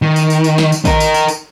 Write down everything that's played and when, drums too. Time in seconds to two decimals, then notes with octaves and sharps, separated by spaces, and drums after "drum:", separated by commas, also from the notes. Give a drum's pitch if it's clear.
0.02 D#3
0.16 drum: tambourine
0.30 drum: tambourine
0.44 drum: tambourine
0.58 drum: snare
0.72 drum: tambourine
0.85 D#4 A#4, drum: kick, tambourine
1.00 drum: tambourine
1.14 drum: tambourine
1.28 drum: tambourine